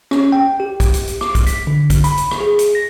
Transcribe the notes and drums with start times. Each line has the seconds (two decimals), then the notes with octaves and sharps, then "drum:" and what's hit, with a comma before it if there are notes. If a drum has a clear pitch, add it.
0.11 C#4, drum: rim click
0.32 G5
0.60 G4
0.80 drum: kick, hi-hat
0.94 drum: hi-hat
1.07 drum: hi-hat
1.21 D6, drum: rim click
1.35 drum: kick, hi-hat
1.47 B6, drum: hi-hat
1.67 D3
1.90 drum: kick, hi-hat
2.04 B5, drum: hi-hat
2.17 drum: hi-hat
2.31 drum: rim click
2.40 G#4
2.59 drum: hi-hat
2.75 A#6